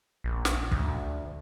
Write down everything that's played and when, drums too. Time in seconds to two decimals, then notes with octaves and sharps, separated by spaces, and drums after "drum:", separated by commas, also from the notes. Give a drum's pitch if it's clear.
0.24 A#1
0.45 drum: snare
0.71 D2, drum: kick